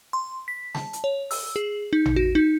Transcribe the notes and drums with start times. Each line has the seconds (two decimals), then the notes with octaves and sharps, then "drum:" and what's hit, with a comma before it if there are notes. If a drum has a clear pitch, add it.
0.13 C6
0.48 B6
0.75 A5, drum: snare
0.93 drum: hi-hat
1.04 C#5
1.31 E6, drum: open hi-hat
1.56 G#4
1.93 D#4
2.06 drum: tom A1
2.16 F#4
2.35 D#4